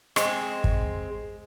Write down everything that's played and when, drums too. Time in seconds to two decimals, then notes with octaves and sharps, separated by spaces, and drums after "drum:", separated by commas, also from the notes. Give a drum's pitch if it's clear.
0.16 G#3 C4, drum: rim click
0.64 drum: kick